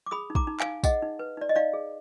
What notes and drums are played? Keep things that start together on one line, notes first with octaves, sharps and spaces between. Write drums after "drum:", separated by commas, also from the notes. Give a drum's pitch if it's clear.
D6
G#4 B5 D#6
D#4
A#5 D6, drum: kick
D#4
F5 G#5, drum: clap
D#4
G#4 D#5 F#5, drum: kick, tambourine
D#4
B4
D#4 D5
D#5
D#4 D5 F5
G#4